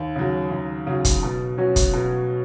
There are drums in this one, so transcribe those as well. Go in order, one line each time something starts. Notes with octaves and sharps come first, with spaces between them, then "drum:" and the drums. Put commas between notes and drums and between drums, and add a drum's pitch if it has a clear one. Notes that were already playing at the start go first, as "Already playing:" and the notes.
Already playing: D#2
C#3 F#3
D#2
C#3 F#3
drum: kick, hi-hat
B2
F#3 C#4 F#4
drum: kick, hi-hat
B2